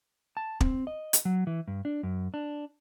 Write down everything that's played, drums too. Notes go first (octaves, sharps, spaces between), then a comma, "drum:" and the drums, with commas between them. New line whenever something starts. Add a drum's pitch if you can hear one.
A5
C4, drum: kick
D#5
drum: hi-hat
F#3
E3
G2
D4
F#2
D4